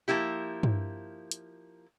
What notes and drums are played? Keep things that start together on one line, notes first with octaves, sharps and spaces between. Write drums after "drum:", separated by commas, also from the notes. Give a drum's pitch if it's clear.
F3 A#3 E4 G4
drum: tom G2
drum: hi-hat